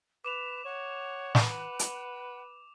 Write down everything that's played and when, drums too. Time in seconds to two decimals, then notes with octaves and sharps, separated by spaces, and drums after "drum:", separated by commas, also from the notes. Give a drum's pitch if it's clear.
0.25 B4 D6 E7 F7
0.66 C#5 F#5
1.35 B4, drum: snare
1.79 drum: hi-hat